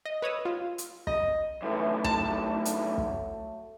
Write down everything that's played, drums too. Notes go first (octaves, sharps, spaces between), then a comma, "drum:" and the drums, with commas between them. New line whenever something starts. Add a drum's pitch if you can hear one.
D#5
B4 C#5 D#6 E6
F4
drum: hi-hat
D#5, drum: kick
C#2 F#2 A2 E3 A3
F#3 A3 A5, drum: kick
drum: hi-hat
drum: kick